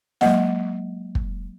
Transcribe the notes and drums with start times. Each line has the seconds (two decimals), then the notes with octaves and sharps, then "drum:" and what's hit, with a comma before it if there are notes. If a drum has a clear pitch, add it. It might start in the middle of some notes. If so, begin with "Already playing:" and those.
0.21 F#3 G#3 A#3 D#5 F#5, drum: snare
1.15 drum: kick